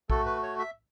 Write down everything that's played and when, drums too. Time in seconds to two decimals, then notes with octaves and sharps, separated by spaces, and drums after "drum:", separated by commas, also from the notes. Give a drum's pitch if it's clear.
0.10 A3 F#4 A4, drum: kick A#1
0.26 B4
0.43 C#5
0.59 E5